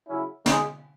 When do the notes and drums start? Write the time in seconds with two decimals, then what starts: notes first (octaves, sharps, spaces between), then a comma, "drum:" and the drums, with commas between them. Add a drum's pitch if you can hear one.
0.09 C#3 F#3 C#4 E4
0.46 G#3 D#4 G#4, drum: snare